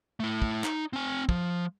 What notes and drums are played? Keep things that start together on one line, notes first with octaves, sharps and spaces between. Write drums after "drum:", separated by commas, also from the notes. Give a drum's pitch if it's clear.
A3 E4
drum: kick
D#4, drum: clap
C4 G#5
F3, drum: kick